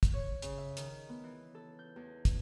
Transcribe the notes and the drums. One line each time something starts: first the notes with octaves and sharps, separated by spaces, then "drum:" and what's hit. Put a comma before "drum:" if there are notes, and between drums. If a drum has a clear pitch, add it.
drum: kick, hi-hat
C#5
C#3, drum: hi-hat
E5
D#3, drum: hi-hat
B3
E3
A4
G6
E2
drum: kick, hi-hat